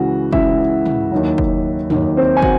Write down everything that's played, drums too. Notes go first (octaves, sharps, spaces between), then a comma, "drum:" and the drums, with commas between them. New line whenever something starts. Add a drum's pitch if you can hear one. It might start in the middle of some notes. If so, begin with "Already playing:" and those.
Already playing: C#2 C#3 E3 F#4
C#2 C#3 E3 E4 E5, drum: kick
drum: tom
D#2 D#3 F#3
drum: kick
D#2 D#3 F#3, drum: tom
C4 C5
G#5
F#4 F#5, drum: kick